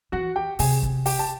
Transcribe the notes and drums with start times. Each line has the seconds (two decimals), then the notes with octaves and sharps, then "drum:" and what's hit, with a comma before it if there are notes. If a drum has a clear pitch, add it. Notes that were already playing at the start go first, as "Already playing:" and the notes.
0.12 E3 F#4 F#5
0.36 G4 G5
0.59 C3 G#4 G#5, drum: open hi-hat
0.83 drum: kick
1.06 G4 G5, drum: open hi-hat
1.19 A5